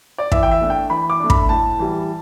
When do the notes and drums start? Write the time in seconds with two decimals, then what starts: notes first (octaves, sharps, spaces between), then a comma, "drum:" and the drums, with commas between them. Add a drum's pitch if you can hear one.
0.18 D5
0.32 E3 E5, drum: kick
0.43 G5
0.51 E5
0.61 A3 D4
0.70 G5
0.90 E3 B5
1.10 D6
1.20 A3 D4
1.30 B5, drum: kick
1.49 A2 A5
1.79 E3 G3